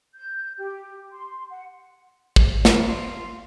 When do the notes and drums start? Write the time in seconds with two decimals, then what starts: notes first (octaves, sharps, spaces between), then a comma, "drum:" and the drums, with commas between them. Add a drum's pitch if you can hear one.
0.14 G6
0.58 G4
1.11 C6
1.50 F#5
2.36 drum: kick
2.65 drum: snare
2.89 F4